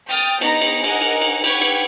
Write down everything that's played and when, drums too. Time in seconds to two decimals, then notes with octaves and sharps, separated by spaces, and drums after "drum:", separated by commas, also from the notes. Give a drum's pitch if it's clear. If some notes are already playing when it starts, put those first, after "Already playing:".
0.10 G5 D#6 F6 G6 A6
0.41 B3 D#4 A#5 A#6, drum: cymbal
0.61 drum: cymbal
0.84 A#4 D#5 F#5 G#5, drum: cymbal
1.01 drum: cymbal
1.21 drum: cymbal
1.44 B4 F#5 G5 C#6 G#6, drum: cymbal
1.61 drum: cymbal